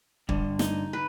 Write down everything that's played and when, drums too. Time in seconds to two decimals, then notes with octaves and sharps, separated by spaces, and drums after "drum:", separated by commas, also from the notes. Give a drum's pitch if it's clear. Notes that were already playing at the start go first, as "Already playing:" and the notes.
0.29 G2 D3, drum: kick
0.59 D#4, drum: snare
0.93 B4